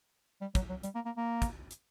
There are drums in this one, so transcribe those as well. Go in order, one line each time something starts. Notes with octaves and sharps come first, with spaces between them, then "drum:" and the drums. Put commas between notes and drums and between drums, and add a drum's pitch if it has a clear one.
G3
F#3, drum: kick, hi-hat
F#3
G3, drum: hi-hat
A#3
A#3
A#3
drum: kick, hi-hat
drum: hi-hat